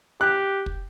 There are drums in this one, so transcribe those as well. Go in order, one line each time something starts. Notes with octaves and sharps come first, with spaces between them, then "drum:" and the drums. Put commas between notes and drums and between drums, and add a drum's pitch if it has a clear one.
G4 F#6
drum: kick